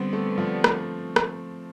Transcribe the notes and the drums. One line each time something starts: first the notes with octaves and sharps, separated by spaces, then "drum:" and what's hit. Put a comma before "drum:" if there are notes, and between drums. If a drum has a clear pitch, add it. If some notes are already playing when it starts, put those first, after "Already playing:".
Already playing: D3 G3 B3 C4
A3
F3
drum: rim click
drum: rim click